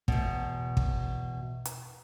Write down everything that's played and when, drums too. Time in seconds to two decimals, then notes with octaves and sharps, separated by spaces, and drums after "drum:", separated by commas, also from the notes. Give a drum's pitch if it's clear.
0.08 E2 B2, drum: kick
0.77 drum: kick
1.65 drum: hi-hat